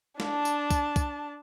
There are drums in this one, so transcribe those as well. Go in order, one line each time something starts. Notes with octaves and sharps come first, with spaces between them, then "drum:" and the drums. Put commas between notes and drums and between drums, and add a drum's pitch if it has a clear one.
D4 A5, drum: snare
drum: tambourine
drum: kick, tambourine
drum: kick, tambourine